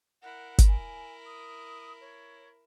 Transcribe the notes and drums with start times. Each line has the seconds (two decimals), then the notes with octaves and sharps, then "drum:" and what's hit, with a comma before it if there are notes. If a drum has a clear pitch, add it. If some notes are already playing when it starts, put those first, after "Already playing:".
0.22 E4 A#4 F#5
0.58 drum: kick G#1, hi-hat
0.67 G#5
1.26 D#6
2.01 C#5